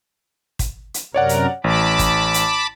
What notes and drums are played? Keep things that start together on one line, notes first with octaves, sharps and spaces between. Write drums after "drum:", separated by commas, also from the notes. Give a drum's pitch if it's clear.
drum: kick, hi-hat
drum: hi-hat
F#2 C3 A#4 C#5 D5 F#5
drum: hi-hat
A1 A5 B5 D6
drum: kick, hi-hat
drum: hi-hat